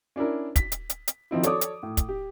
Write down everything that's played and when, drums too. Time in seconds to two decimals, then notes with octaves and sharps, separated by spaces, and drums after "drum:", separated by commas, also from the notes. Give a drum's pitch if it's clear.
0.16 C#4 D4 E4 A#4
0.56 B6, drum: kick, hi-hat
0.72 drum: hi-hat
0.90 drum: hi-hat
1.08 drum: hi-hat
1.31 D#3 F3 F#3 C4 D#4 E4
1.43 A4 C#5 D5 D6 D#6, drum: hi-hat
1.61 drum: hi-hat
1.83 A2
1.97 drum: kick, hi-hat
2.09 G4